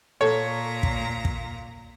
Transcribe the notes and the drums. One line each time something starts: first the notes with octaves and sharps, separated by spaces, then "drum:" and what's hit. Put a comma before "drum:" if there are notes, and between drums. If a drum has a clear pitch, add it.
A#2 A4 C#5 A#5
drum: kick
drum: kick